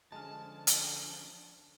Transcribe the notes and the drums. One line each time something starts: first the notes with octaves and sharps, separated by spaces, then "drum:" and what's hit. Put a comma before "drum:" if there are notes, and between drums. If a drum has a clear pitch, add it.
D3 F3 G#3 C#4 D4 A5 F6
drum: hi-hat